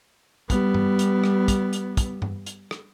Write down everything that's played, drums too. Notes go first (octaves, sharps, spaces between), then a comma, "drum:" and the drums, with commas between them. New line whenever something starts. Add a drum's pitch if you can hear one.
G3 B3, drum: kick, hi-hat
drum: tom G2
drum: hi-hat
drum: rim click
drum: kick, hi-hat
drum: hi-hat
drum: kick, hi-hat
drum: tom G2
drum: hi-hat
drum: rim click